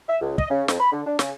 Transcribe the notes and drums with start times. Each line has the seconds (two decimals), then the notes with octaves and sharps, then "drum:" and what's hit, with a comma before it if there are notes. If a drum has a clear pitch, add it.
0.09 E5
0.21 C#2
0.38 D#5, drum: kick
0.50 C#3
0.68 F2, drum: snare
0.80 B5
0.92 D3
1.06 D4
1.19 C#3, drum: snare